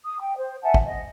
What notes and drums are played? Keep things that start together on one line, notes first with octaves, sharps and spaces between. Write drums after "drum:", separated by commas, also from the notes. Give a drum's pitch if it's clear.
D#6
G5
C5
E5 F#5 G#5 A5
drum: kick
D#5